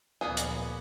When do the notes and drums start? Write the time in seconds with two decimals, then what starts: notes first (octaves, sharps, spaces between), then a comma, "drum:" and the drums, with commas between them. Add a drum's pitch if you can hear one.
0.21 D2 A#2 F3 A#3 B3 G#4
0.37 drum: hi-hat